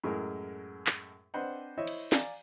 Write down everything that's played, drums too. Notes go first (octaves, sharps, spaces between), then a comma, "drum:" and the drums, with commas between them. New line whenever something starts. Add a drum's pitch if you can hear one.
F#2 A2 G#3 G#4 A#4
drum: clap
C4 D4 B4 C5 D#5 F#5
E4 C5 C#5 D#5 E5
drum: cymbal
D5 F5 G#5 A#5, drum: snare